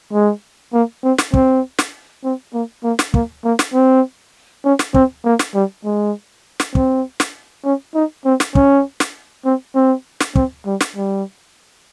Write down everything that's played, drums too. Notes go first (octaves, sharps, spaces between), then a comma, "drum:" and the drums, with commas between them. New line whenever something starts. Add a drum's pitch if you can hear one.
G#3
A#3
C4
drum: snare
C4, drum: kick
drum: snare
C4
A#3
A#3
drum: snare
A#3, drum: kick
A#3
drum: snare
C4
C#4
drum: snare
C4, drum: kick
A#3
drum: snare
G3
G#3
drum: snare
C4, drum: kick
drum: snare
C#4
D#4
C4
drum: snare
C#4, drum: kick
drum: snare
C4
C4
drum: snare
C4, drum: kick
G3
drum: snare
G3